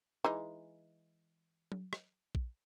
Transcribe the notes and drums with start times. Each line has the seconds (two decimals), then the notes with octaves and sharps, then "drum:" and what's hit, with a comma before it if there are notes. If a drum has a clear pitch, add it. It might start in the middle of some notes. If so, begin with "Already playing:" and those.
0.24 E3 G#3 D#4
1.72 drum: tom F#3
1.93 drum: rim click
2.35 drum: kick A#1